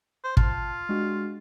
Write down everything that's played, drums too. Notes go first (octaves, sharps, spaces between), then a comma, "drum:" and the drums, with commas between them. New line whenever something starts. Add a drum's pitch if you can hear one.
C5
F4 A5, drum: kick
G#3 D4 F#4